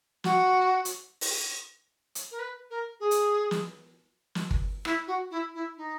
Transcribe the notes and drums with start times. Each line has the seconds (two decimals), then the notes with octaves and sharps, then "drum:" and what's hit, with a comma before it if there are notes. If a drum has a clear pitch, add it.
0.24 F#4, drum: snare
0.85 drum: hi-hat
1.21 drum: open hi-hat
2.15 drum: hi-hat
2.31 A#4
2.39 B4
2.70 A#4
3.00 G#4
3.11 drum: hi-hat
3.51 drum: snare
4.35 drum: snare
4.51 drum: kick G1
4.85 E4, drum: rim click
5.07 F#4
5.31 E4
5.54 E4
5.77 D#4